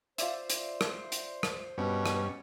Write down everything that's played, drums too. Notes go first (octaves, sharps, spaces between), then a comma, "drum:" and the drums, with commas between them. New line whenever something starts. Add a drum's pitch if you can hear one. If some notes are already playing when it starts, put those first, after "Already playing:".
F4 C5 D5 E5, drum: hi-hat
drum: hi-hat
drum: rim click
drum: hi-hat
drum: rim click
G2 B2 C#4
drum: rim click